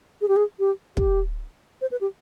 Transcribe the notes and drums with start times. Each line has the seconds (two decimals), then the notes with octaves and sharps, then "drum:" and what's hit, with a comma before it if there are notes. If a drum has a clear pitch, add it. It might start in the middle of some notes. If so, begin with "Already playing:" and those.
0.21 G#4
0.28 G4
0.36 G#4
0.59 G4
0.97 G4, drum: kick
1.81 C5
1.91 B4
2.01 G4